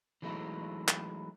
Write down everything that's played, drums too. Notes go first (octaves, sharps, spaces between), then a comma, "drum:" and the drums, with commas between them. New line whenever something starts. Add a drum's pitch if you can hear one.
E3 F#3 G#3 A3 D#4 E4
drum: clap